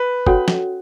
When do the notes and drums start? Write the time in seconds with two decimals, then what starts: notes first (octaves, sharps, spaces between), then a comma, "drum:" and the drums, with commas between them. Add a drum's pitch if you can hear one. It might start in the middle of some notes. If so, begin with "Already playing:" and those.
Already playing: B4
0.27 C#4 F#4 A4 C#5 F#5, drum: kick
0.48 drum: snare